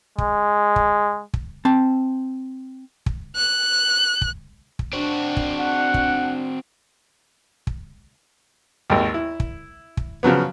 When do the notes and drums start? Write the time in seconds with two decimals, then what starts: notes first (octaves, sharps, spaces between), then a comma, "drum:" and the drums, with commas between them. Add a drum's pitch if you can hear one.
0.18 G#3, drum: kick
0.76 drum: kick
1.34 drum: kick
1.65 C4 A5
3.06 drum: kick
3.36 F#6
4.21 drum: kick
4.79 drum: kick
4.93 C4 D4 F#4
5.37 drum: kick
5.60 F#5
5.94 drum: kick
7.67 drum: kick
8.90 G#1 D#2
9.14 E4
9.40 drum: kick
9.97 drum: kick
10.23 C#3 F3 F#3 B3